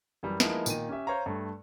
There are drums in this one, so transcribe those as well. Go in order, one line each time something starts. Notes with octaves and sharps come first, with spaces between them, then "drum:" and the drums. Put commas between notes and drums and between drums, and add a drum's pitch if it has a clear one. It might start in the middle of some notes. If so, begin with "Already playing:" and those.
F#2 E3 G3
F3 G#3 A#3 B3 D#4 E4, drum: snare
A#2 D#3 D#7, drum: tambourine
C#4 G4 E5
C5 C#5 F5 A#5
G2 A3